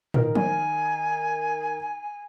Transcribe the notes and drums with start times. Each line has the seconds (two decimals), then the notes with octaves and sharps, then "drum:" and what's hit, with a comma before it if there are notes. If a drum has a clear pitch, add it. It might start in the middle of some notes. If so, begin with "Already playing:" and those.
0.14 D#3 A#4, drum: tom
0.35 G#5, drum: tom F3